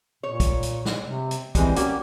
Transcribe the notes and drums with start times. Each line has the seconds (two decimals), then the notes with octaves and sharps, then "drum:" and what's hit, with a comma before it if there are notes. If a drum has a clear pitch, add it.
0.23 A#2 C#5
0.40 drum: kick, hi-hat
0.63 drum: hi-hat
0.85 drum: snare
1.02 C3
1.31 drum: hi-hat
1.55 E3 G3 G#3 C4, drum: kick, hi-hat
1.76 A#3 C#4 F#4 G4, drum: hi-hat